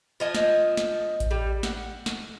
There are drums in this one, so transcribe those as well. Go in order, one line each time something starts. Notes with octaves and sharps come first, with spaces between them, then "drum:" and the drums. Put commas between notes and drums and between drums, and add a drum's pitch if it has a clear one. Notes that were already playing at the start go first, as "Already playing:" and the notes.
F3 D#5 G#5
drum: snare
drum: snare
drum: kick A1, hi-hat
G3
F#5, drum: snare
drum: snare